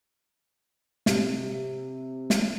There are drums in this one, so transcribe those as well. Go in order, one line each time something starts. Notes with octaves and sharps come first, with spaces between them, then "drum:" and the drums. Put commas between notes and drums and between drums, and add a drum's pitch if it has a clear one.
C3, drum: snare
drum: snare